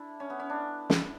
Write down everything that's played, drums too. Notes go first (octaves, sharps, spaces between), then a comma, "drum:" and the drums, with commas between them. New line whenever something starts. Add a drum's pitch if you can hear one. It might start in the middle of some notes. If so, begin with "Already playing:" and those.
Already playing: D4 E4 A4
C#4
B3
C#4
D4
drum: snare